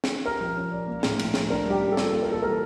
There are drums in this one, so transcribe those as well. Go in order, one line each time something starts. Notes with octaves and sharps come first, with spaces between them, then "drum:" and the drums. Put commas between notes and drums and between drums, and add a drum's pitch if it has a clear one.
drum: snare
G4 A#4
F3
C#4
D5
A#3
A2, drum: snare
F3, drum: cymbal
C#4, drum: snare
D4 A#4
G3 G4
A#3
A4
F4, drum: snare
A#3
A#4
E3 A4
G3 A#4